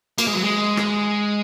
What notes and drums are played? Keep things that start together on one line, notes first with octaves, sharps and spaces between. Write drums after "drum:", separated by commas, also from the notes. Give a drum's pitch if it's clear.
A#3, drum: cymbal
G#3
F#3
G#3
drum: rim click